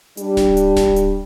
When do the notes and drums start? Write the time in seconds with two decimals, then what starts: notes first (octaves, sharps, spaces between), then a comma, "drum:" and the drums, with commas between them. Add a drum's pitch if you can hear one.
0.17 G3 D4, drum: hi-hat
0.37 drum: snare D1
0.57 drum: hi-hat
0.76 drum: snare D1
0.96 drum: hi-hat